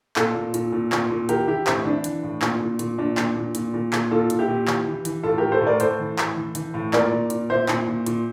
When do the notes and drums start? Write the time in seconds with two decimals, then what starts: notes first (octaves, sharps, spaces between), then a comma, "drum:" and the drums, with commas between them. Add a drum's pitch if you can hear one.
0.16 A#2 F4 A4, drum: clap
0.35 A#2
0.54 A#2, drum: hi-hat
0.72 A#2
0.92 A#2, drum: clap
1.11 A#2
1.29 E3 G4 A#4, drum: hi-hat
1.47 E3 E4 G4
1.67 A2 C4 E4, drum: clap
1.85 E3 D4
2.04 E3, drum: hi-hat
2.23 A2
2.42 A#2, drum: clap
2.61 A#2
2.79 A#2, drum: hi-hat
2.98 A#2 D4
3.17 A#2, drum: clap
3.36 A#2
3.55 A#2, drum: hi-hat
3.74 A#2
3.93 A#2, drum: clap
4.11 A#2 F4 A4
4.30 A#2, drum: hi-hat
4.39 E4 G4
4.48 A#2
4.67 E3, drum: clap
4.87 E3
5.05 E3, drum: hi-hat
5.23 A2 F4 A4
5.38 A2 G4 A#4
5.52 A4 C5
5.61 A2
5.66 A#4 D5
5.80 A2 A4 C5, drum: hi-hat
6.00 E3
6.18 A2, drum: clap
6.36 E3
6.55 E3, drum: hi-hat
6.74 A2
6.93 A#2 A#4 D5, drum: clap
7.12 A#2
7.30 A#2, drum: hi-hat
7.50 A#2 C5 E5
7.68 A#2, drum: clap
7.88 A#2
8.06 A#2, drum: hi-hat